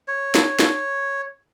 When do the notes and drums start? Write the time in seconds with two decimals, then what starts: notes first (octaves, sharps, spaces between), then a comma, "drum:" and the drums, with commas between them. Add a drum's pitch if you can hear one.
0.08 C#5
0.35 drum: snare
0.59 drum: snare